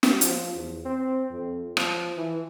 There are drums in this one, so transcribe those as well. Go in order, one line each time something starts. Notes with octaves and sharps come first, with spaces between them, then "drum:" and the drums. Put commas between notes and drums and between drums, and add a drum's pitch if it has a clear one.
drum: snare
F3, drum: hi-hat
E2
C4
F2
F3, drum: rim click
E3